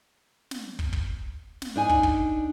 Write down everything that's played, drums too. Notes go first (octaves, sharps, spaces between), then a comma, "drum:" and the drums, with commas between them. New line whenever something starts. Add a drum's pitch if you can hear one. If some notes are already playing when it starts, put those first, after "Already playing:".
drum: snare
drum: kick
drum: kick
drum: snare
D4 D#4 G#5
drum: kick
drum: kick